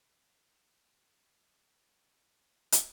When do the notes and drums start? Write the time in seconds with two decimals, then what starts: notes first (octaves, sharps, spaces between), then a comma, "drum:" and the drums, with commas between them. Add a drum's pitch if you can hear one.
0.23 C#2 F3
2.72 drum: hi-hat